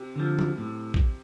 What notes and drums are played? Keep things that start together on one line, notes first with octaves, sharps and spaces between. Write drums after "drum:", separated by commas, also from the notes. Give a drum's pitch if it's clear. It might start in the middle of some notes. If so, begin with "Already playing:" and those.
Already playing: C3
D3 F3
drum: tom F3
A2
drum: kick